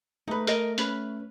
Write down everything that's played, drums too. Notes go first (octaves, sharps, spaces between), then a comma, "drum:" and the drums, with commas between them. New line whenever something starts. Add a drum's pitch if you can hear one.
A3 D#4 B4
A#4 D#5, drum: hi-hat
C#4 B4, drum: hi-hat